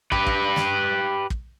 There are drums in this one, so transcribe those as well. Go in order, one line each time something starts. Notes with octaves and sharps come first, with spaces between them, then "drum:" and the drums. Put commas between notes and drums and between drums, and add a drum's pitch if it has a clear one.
G4 B4, drum: kick
drum: kick
drum: snare
drum: kick